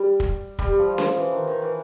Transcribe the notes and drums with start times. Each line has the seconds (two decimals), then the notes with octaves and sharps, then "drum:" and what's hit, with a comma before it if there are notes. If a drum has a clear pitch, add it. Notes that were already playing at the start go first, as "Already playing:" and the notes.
Already playing: G3
0.20 drum: kick
0.59 G3, drum: kick
0.79 F3
0.98 drum: snare C#4
1.17 E3
1.32 D#3
1.47 D#3
1.62 E3